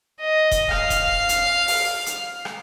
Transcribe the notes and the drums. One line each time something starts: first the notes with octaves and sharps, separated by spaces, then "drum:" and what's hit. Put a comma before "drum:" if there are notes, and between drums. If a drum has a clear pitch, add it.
D#5
drum: kick E1, hi-hat
F5, drum: rim click
drum: kick E1, hi-hat
drum: hi-hat
drum: open hi-hat
drum: hi-hat
drum: rim click